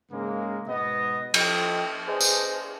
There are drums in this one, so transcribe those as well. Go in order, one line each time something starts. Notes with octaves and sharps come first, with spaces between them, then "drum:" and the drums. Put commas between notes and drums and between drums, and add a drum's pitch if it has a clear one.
G#2 C#3 G#3 A#3
G#2 B2 B3 D#5
F3 A4 D#5 G5, drum: cymbal
G#4 B4 C5 D5 D#5
drum: tambourine